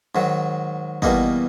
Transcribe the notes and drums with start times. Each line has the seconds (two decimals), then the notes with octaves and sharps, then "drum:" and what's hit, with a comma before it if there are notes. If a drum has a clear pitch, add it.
0.15 G#2 D#3 F#3
1.02 E2 B2 G3 A#3 D#4, drum: kick